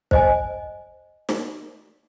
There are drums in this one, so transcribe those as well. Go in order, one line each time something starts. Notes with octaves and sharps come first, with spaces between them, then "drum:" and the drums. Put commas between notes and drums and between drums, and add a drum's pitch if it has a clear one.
C5 D#5 G#5, drum: kick
drum: snare